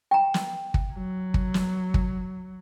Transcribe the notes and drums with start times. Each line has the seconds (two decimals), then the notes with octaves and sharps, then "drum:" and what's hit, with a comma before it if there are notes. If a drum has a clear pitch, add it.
0.11 G5 A#5
0.34 drum: snare
0.74 drum: kick
0.94 F#3
1.34 drum: kick
1.54 drum: snare
1.94 drum: kick